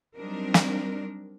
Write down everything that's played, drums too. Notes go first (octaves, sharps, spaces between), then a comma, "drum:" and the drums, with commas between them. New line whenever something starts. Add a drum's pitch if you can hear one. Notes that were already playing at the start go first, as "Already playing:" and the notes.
F#3 G3 C4 D4 D#4 A#4
drum: snare